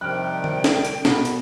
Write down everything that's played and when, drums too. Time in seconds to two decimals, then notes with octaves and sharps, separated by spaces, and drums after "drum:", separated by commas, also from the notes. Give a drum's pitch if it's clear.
0.01 C3 D#3 F3 G3 G5 F6 F#6
0.44 drum: tom D3
0.64 drum: snare
0.85 drum: hi-hat
1.05 B2 B3, drum: snare
1.25 drum: hi-hat